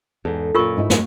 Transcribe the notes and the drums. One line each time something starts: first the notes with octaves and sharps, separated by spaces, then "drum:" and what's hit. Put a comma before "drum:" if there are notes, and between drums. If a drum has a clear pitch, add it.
E2 G#2 A4
F#2 A#2 F4 A#4 C#6
G#2 D#4 E4
F#2 G#3, drum: snare